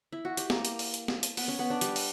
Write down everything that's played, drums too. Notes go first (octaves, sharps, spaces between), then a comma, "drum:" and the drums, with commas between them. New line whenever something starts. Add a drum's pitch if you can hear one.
E4
F#4
G4, drum: hi-hat
A#3 A#4, drum: snare
drum: hi-hat
drum: open hi-hat
drum: hi-hat
drum: snare
drum: hi-hat
B3 B4, drum: open hi-hat
C#4 C#5
B3 B4
D4 D5
G3 G4, drum: hi-hat
drum: open hi-hat